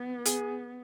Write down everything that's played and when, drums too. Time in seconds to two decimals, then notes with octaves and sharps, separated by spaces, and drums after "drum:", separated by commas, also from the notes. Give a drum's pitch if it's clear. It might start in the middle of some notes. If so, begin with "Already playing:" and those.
Already playing: B3
0.26 G#4, drum: hi-hat